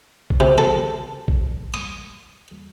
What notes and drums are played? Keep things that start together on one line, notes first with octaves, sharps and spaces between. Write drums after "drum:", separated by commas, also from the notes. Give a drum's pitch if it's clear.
drum: kick A#1
C3
A4, drum: snare
drum: kick A#1
D#6, drum: open hi-hat